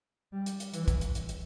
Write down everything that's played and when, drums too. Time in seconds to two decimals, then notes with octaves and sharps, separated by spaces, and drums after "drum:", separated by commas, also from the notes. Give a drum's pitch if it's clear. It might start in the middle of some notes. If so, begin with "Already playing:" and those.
0.33 G3
0.46 drum: hi-hat
0.60 drum: hi-hat
0.74 E3, drum: hi-hat
0.88 drum: kick, hi-hat
1.01 drum: hi-hat
1.15 drum: hi-hat
1.29 drum: hi-hat